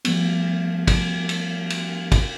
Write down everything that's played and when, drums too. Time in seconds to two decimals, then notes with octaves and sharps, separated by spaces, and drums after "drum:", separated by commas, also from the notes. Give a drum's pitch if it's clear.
0.05 F3 G3 A3 B3, drum: cymbal
0.87 drum: kick, cymbal
1.29 drum: cymbal
1.70 drum: cymbal
2.12 drum: kick, cymbal